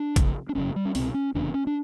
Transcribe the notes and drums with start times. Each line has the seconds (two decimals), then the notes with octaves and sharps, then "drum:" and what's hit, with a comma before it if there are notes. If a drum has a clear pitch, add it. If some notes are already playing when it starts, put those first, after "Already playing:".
Already playing: D4
0.16 F1 F2 C#3, drum: kick, hi-hat
0.49 D4
0.55 G1 F#2 C#3 C#4
0.76 G3
0.85 C#4
0.95 C2 B2 C4, drum: open hi-hat
1.14 C#4
1.35 F1 E2 C#3 D4
1.54 C#4
1.67 D4